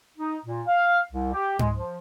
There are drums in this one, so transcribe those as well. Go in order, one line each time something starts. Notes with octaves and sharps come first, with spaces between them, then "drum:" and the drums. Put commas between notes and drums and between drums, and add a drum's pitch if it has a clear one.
D#4
A#2
F5
C2
G4
G#3, drum: tom G#2
F3